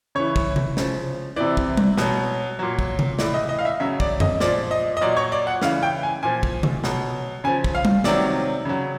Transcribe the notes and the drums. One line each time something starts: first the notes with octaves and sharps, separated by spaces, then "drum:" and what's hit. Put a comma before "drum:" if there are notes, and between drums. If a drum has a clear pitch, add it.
C#3 E3 C#5
drum: kick
drum: tom C3
C#3 F3, drum: snare
C3 E3 D5
drum: kick
drum: tom G3
B2 F#3, drum: snare
A#2 F#3
drum: kick
drum: tom C3
A2 E3 D5, drum: snare
D#5
D#5
F5
E5
C#3 F#3 E5
D5, drum: kick
D#5, drum: tom F2
A#2 F3 D5, drum: snare
D#5
D#5
A#2 F#3 D5
C#5
D5
F#5
C#3 E3 F5, drum: snare
G5
G#5
A#2 F3 G#5
drum: kick
drum: tom C3
B2 F#3, drum: snare
C#3 F3 G#5
drum: kick
F5
drum: tom G3
C3 D#3 F#3 D5, drum: snare
C#3 F#3